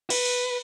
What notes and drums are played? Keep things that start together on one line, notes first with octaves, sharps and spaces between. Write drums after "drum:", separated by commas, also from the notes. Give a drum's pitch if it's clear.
B4, drum: cymbal
drum: open hi-hat